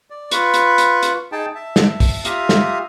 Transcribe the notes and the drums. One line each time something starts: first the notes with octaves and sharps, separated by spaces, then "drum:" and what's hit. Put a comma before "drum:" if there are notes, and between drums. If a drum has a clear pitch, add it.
D5
F4 B4 B5 C#6, drum: hi-hat
drum: hi-hat
drum: hi-hat
drum: hi-hat
D#4 G#4 G5 A5
E5 A5
drum: snare
drum: kick, open hi-hat
F4 G4 E5 F5 A#5 D#6, drum: hi-hat
drum: snare